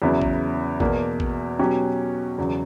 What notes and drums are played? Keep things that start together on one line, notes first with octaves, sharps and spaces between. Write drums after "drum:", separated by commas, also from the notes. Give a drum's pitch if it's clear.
E2 C#3 F#3 B3 E4
drum: kick A1
E2 B2 A#3, drum: kick A1
drum: kick A1
B2 F#3 C#4 G4
E2 C#3 F#3